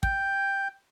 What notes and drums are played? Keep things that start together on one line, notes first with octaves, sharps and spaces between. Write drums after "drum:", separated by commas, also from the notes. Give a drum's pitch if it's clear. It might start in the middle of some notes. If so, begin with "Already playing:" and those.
G5, drum: kick